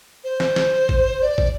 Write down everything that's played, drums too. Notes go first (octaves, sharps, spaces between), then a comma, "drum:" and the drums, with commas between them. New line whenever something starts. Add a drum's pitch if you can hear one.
C5
drum: snare
drum: snare
drum: kick
D5
drum: kick